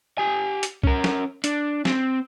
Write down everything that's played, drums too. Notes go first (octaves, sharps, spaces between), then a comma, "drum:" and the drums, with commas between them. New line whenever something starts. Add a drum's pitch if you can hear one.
G4 G#5
drum: hi-hat
C#4 A#4, drum: kick C2
drum: snare
D4, drum: hi-hat
C4, drum: snare